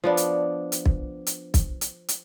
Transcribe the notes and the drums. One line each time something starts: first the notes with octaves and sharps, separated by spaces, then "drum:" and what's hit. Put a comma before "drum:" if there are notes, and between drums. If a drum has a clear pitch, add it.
F3 B3 D4
drum: hi-hat
drum: hi-hat
drum: kick
drum: hi-hat
drum: kick, hi-hat
drum: hi-hat
drum: hi-hat